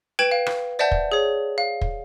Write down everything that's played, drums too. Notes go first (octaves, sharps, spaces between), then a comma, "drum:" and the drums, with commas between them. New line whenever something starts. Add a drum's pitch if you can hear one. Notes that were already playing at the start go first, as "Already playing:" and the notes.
B4 G5 G#6 D7 E7 F#7
F5
drum: rim click
C5 D5 E5 F#5 A5 G6
drum: kick
G#4 C#5
F5
drum: kick